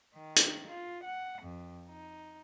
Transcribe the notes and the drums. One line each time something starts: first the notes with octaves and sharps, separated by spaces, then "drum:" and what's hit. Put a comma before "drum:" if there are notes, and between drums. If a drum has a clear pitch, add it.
D#3
drum: hi-hat
F4
F#5
F2
D#4